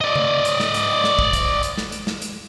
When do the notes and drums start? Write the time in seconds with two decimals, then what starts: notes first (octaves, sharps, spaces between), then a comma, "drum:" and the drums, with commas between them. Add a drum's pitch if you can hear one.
0.01 D5 D#5
0.16 drum: tom C#3
0.45 drum: hi-hat
0.60 drum: snare
0.74 drum: hi-hat
1.04 drum: snare
1.19 drum: kick
1.33 drum: kick, hi-hat
1.63 drum: hi-hat
1.78 drum: snare
1.92 drum: hi-hat
2.07 drum: snare
2.22 drum: hi-hat